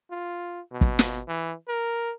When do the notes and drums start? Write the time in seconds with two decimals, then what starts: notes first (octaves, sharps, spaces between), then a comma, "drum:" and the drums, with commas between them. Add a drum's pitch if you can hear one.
0.11 F4
0.72 B2
0.81 drum: kick
0.99 drum: snare
1.28 E3
1.68 A#4